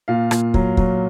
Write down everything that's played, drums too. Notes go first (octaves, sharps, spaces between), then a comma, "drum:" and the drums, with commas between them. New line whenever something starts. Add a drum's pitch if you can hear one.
A#2 F5
A#2, drum: rim click
F#3, drum: kick
F#3, drum: kick